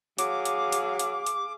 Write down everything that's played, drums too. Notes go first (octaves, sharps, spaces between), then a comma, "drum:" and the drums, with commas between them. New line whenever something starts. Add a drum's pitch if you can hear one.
F#3 G#4 F5 D6, drum: hi-hat
drum: hi-hat
drum: hi-hat
drum: hi-hat
drum: hi-hat